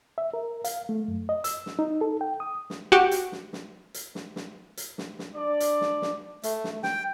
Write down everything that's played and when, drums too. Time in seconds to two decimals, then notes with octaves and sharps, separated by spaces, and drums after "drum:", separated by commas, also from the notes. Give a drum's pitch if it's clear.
0.18 E5
0.34 A#4
0.64 F5, drum: hi-hat
0.89 A3
1.08 F#2
1.29 D#5
1.44 E6, drum: hi-hat
1.66 drum: snare
1.79 D#4
2.01 A4
2.21 G5
2.40 D#6
2.70 drum: snare
2.92 F#4 G4
3.11 drum: hi-hat
3.32 drum: snare
3.53 drum: snare
3.94 drum: hi-hat
4.15 drum: snare
4.36 drum: snare
4.77 drum: hi-hat
4.98 drum: snare
5.19 drum: snare
5.35 D4 D5
5.60 drum: hi-hat
5.81 drum: snare
6.02 drum: snare
6.43 A3, drum: hi-hat
6.64 drum: snare
6.83 G5, drum: snare